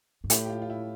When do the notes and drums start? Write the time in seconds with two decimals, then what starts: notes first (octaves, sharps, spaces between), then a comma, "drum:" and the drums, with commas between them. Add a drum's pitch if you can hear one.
0.24 G2
0.30 A2 G4, drum: hi-hat
0.45 G4
0.50 F4
0.62 F4
0.70 E4